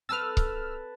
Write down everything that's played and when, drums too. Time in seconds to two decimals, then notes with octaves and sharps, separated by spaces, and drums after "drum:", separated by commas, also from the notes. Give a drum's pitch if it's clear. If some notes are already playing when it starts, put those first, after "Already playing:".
0.09 C4 A4 B4 A5 E6 F6 A6
0.37 drum: kick C#1